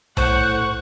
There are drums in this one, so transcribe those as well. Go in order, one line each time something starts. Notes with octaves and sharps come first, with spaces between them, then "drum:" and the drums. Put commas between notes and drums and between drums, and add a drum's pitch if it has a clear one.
A2 C5 F#5 C#6, drum: tom B1